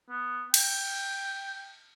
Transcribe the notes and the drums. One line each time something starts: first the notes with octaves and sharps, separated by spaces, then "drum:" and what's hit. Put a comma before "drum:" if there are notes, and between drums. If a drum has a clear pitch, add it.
B3
G5, drum: cymbal